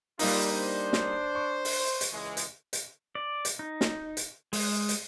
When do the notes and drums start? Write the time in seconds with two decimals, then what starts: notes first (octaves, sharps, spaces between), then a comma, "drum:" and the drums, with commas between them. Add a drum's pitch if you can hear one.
0.19 G3 A#3 D#4 F4, drum: open hi-hat
0.50 D4 C5
0.93 drum: snare
1.35 C#6
1.65 drum: open hi-hat
2.01 drum: hi-hat
2.13 C#2 E3 G#3
2.37 drum: hi-hat
2.73 drum: hi-hat
3.15 D5
3.45 drum: hi-hat
3.59 D#4
3.81 drum: snare
4.17 drum: hi-hat
4.53 G#3, drum: open hi-hat
4.89 drum: hi-hat